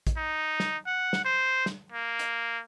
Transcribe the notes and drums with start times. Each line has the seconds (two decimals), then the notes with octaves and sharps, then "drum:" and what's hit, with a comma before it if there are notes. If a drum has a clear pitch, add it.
0.07 drum: kick A#1, hi-hat
0.17 D#4
0.60 drum: snare
0.86 F#5
1.13 drum: snare
1.25 C5
1.66 drum: snare
1.92 A#3
2.19 drum: hi-hat